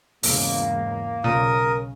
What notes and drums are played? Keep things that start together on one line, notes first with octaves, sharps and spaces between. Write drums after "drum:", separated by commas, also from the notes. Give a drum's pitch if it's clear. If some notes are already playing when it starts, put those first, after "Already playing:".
E2 G#2 C#3 A#3, drum: open hi-hat
B1 A#2 C#3 A#4 D#6